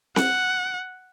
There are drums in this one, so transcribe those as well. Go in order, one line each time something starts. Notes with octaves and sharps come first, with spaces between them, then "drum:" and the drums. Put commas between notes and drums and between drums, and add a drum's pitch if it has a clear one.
F#5, drum: snare C4